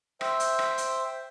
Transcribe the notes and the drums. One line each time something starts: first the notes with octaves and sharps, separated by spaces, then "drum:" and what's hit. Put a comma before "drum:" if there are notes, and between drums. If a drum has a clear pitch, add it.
C5 E5 G5, drum: rim click
drum: hi-hat
drum: rim click
drum: hi-hat